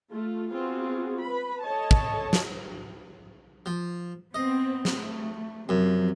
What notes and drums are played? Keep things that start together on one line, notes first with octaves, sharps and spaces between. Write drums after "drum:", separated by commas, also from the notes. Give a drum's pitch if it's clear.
A3 F4
B3 C4 F4 F#4 G#4
B4 B5
A4 C#5 D#5 A5
drum: kick
drum: snare
F3
B3 C4 D#5
drum: snare
A3
F#2 C3 F3